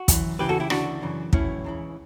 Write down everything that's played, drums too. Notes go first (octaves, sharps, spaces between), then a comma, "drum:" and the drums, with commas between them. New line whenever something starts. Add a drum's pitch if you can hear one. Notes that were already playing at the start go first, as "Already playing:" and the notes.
Already playing: F#4
F#2 E3, drum: kick, hi-hat
C#2 C#3 E3 G4 B4
F#4 A4
E4 G4
D2 C#3 E3 D4 F#4, drum: rim click
F#2 C#3 E3
B1 A2 E3 C#4 E4, drum: kick
C#2 C#3 E3